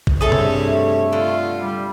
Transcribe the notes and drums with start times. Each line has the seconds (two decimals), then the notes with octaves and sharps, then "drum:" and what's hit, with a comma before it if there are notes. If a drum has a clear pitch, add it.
0.07 drum: kick A1
0.21 G2 C3 G#4 A4 C#5 E5
0.32 drum: tom B2
0.62 A3
1.13 D3 F4
1.59 G3